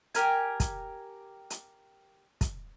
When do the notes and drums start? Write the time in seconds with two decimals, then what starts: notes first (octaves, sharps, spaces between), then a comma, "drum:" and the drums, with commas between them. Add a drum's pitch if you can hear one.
0.15 G4 A#4 G#5, drum: hi-hat
0.60 drum: kick, hi-hat
1.50 drum: hi-hat
2.41 drum: kick, hi-hat